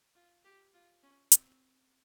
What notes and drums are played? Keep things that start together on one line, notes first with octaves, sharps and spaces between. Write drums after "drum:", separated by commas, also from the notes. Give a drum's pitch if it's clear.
F4
G4
F4
C#4
C4, drum: hi-hat